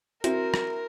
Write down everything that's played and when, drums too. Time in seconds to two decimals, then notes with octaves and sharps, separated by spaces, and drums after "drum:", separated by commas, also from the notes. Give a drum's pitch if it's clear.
0.24 C4 E4 F#4 A#4, drum: hi-hat
0.54 drum: rim click